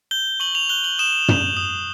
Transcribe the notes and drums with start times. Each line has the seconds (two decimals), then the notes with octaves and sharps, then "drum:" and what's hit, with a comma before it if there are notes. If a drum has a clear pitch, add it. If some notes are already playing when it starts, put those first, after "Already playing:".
0.11 G6 G7
0.40 C#6 F#7
0.55 F7
0.69 F#6 G7
0.84 F#7
0.99 D#6 E7
1.28 G6, drum: tom
1.57 D#6